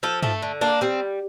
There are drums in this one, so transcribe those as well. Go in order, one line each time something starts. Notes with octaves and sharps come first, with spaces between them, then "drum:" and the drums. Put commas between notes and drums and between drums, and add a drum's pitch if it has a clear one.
F3 A4
A3 A4, drum: tom G2
D3
A#3 D4
G3 C4